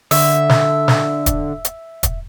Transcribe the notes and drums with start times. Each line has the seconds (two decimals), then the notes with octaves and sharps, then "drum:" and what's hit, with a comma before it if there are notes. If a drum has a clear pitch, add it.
0.11 D3 E5, drum: open hi-hat
0.49 drum: snare
0.88 drum: snare
1.26 drum: kick, hi-hat
1.65 drum: hi-hat
2.03 drum: kick, hi-hat